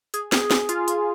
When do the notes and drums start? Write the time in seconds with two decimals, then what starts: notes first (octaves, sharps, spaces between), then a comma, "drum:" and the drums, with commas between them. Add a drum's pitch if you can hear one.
0.14 G#4, drum: hi-hat
0.32 G#4, drum: snare
0.51 drum: snare
0.69 F4, drum: hi-hat
0.88 drum: hi-hat